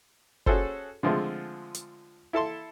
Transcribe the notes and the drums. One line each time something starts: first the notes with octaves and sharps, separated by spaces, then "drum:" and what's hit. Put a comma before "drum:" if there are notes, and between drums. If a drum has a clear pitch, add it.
C#4 F#4 G#4 A4 C5, drum: kick F#1
D3 F3 G#3 A3 C4
drum: hi-hat
E4 A4 A5 C6